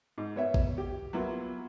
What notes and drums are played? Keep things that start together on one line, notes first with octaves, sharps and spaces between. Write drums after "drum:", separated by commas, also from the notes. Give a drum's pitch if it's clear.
G#2
B3 C#5 E5
drum: kick
G4
F#3 A#3 B3 E4 F4